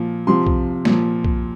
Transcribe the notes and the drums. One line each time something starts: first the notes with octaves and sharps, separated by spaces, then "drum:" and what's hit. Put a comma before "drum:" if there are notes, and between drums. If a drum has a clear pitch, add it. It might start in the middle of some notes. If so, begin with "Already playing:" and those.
Already playing: A#2 F3
C3 F3 C6
drum: kick B1
A#2 F3, drum: snare
drum: kick B1